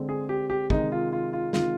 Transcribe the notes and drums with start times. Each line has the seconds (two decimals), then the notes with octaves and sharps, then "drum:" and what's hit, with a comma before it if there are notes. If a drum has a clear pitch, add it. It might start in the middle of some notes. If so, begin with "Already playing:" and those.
Already playing: D3 G#3 C4
0.09 G#4
0.29 G4
0.50 G4
0.70 C3 D#3 G#3 D#4, drum: kick
0.92 F4
1.13 F4
1.33 F4
1.53 C3 D#3 G#3 F4, drum: snare